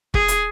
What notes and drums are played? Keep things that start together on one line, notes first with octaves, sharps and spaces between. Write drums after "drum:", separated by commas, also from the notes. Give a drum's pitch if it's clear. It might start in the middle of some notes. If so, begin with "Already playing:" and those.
G#4, drum: kick
drum: hi-hat